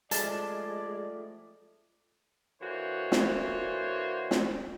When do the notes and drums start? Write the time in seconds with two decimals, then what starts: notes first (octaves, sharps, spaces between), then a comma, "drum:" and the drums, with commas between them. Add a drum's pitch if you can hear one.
0.11 F3 G#3 A3 D5 A5, drum: hi-hat
2.61 D3 E3 A#3 F#4 C5 C#5
3.12 drum: snare
4.31 drum: snare